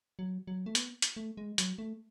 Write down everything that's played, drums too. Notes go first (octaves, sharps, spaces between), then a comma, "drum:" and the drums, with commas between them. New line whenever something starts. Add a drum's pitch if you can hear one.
F#3
F#3
A3
B3, drum: hi-hat
drum: hi-hat
A3
G#3
F#3, drum: hi-hat
A3